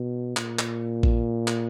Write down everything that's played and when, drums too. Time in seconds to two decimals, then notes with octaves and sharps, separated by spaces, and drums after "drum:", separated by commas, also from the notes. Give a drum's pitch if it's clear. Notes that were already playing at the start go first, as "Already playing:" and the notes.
Already playing: B2
0.37 A#2, drum: clap
0.59 drum: clap
1.03 drum: kick A#1
1.48 drum: clap